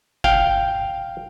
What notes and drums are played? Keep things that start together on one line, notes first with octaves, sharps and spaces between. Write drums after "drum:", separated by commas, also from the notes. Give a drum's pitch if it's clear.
F5 G5, drum: kick F#1